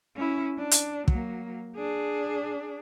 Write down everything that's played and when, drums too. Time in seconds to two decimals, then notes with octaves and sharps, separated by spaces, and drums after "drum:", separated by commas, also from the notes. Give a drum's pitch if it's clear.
0.16 C#4 E4
0.58 D4
0.71 drum: hi-hat
1.08 F#3 A#3, drum: kick
1.76 D4 G#4